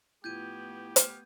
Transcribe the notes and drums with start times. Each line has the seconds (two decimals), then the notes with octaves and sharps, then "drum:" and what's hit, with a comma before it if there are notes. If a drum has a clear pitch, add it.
0.24 A2 F3 A3 B3 G4 G6 G#6 D#7
0.96 drum: hi-hat